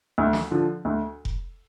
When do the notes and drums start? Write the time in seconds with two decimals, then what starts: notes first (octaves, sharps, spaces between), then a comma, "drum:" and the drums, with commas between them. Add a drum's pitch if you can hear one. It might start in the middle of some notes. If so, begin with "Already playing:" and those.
0.18 D2
0.33 drum: snare
0.51 D3 F3
0.85 D2
1.25 drum: kick F1